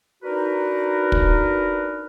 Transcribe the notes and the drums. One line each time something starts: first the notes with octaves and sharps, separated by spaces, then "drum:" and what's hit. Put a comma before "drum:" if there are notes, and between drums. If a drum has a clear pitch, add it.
D4 D#4 F#4 A#4 B4
drum: kick